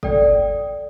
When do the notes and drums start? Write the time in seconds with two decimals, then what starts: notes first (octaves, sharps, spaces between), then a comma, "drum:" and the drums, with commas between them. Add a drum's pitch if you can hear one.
0.03 A4 D5 G5, drum: kick G1